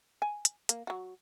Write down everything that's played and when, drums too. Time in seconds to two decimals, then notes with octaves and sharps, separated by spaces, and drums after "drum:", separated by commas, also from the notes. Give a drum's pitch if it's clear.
0.22 G#5
0.45 drum: hi-hat
0.69 A#3, drum: hi-hat
0.87 F#3 F#4